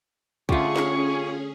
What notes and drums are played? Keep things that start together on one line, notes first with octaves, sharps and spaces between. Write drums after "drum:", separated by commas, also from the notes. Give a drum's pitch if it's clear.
D3 A3 C#4 F4 G4 G#4 C#6, drum: kick
drum: snare